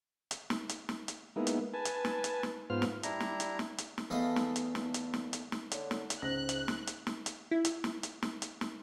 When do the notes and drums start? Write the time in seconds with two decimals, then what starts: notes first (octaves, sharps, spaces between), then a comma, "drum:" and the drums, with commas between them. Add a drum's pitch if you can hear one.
0.31 drum: hi-hat
0.50 drum: snare
0.69 drum: hi-hat
0.89 drum: snare
1.08 drum: hi-hat
1.36 G#3 A#3 B3 D#4 E4
1.47 drum: hi-hat
1.74 B4 G#5 A5
1.85 drum: hi-hat
2.05 drum: snare
2.24 drum: hi-hat
2.43 drum: snare
2.70 G#2 B3 F4 C5 F6
2.82 drum: snare
3.03 G3 D4 E4 A#5, drum: hi-hat
3.20 drum: snare
3.40 drum: hi-hat
3.59 drum: snare
3.78 drum: hi-hat
3.98 drum: snare
4.10 E2 A3 D#5 F5
4.36 drum: snare
4.56 drum: hi-hat
4.75 drum: snare
4.94 drum: hi-hat
5.14 drum: snare
5.33 drum: hi-hat
5.52 drum: snare
5.71 D3 C#5, drum: hi-hat
5.91 drum: snare
6.10 drum: hi-hat
6.22 C#2 G#2 C5 F#6 A#6
6.49 drum: hi-hat
6.68 drum: snare
6.87 drum: hi-hat
7.07 drum: snare
7.26 drum: hi-hat
7.51 E4
7.65 drum: hi-hat
7.84 drum: snare
8.03 drum: hi-hat
8.23 drum: snare
8.42 drum: hi-hat
8.61 drum: snare